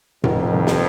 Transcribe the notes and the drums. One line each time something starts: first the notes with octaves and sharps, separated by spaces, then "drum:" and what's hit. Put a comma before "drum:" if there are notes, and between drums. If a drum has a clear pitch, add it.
F1 F2, drum: tom A2
D#2 D#3
drum: snare